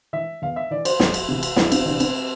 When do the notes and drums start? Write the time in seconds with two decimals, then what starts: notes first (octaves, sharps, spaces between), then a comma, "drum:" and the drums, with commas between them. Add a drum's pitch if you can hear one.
0.13 E3 E5
0.42 E2 F5
0.56 E5
0.71 E3 D5
0.85 C5, drum: cymbal
1.00 F2, drum: snare
1.14 drum: cymbal
1.28 C3 E3
1.43 drum: cymbal
1.56 F2 E4, drum: snare
1.72 C4, drum: cymbal
1.85 C3 E3 D4
2.00 C4, drum: cymbal